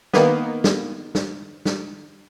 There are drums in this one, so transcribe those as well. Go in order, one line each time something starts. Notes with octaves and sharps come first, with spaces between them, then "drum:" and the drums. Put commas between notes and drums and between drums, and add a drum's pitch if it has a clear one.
D#3 A#3 B3, drum: snare
drum: snare
drum: snare
drum: snare